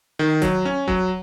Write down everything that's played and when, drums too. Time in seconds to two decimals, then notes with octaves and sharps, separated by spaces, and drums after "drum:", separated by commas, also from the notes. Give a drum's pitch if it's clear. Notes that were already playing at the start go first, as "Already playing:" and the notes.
0.19 D#3
0.42 F#3, drum: kick D#1, hi-hat
0.65 C#4
0.88 F#3, drum: kick D#1